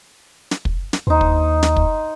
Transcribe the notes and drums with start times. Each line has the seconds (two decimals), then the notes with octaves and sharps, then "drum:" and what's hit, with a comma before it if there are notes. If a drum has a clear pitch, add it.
0.51 drum: snare
0.65 drum: kick
0.93 drum: snare
1.07 D#2 D#4 C5
1.21 drum: kick
1.63 drum: snare
1.76 drum: kick